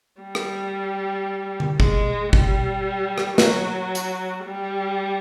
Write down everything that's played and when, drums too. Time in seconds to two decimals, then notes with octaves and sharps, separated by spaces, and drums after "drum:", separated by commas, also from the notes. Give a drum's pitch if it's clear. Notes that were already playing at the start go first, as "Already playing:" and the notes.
0.21 G3
0.35 drum: rim click
1.60 drum: tom D3
1.80 G#3, drum: kick G1
2.33 G3, drum: kick G1
3.18 drum: rim click
3.38 F#3, drum: snare
3.95 drum: hi-hat
4.44 G3